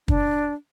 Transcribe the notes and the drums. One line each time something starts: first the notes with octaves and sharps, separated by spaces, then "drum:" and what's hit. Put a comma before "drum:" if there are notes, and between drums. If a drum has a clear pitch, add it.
D4, drum: kick